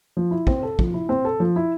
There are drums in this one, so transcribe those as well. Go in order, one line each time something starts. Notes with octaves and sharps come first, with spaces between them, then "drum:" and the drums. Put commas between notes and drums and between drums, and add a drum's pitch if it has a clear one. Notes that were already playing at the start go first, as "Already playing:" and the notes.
F3
E4
C4, drum: kick
A4
F3, drum: kick
E4
C4
A4
F3
E4